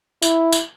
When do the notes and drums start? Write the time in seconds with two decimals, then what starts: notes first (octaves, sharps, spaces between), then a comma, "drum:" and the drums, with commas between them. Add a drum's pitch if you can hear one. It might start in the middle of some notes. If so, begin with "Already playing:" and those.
0.22 E4, drum: tambourine
0.52 drum: tambourine